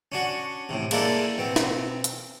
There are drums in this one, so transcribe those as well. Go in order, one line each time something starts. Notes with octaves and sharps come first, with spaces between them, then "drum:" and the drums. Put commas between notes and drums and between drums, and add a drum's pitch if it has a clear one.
C#4 D4 F#4
A2 C3
G#3 A#3 D4 E4 A4 D5, drum: cymbal
B2 C4
drum: snare
drum: hi-hat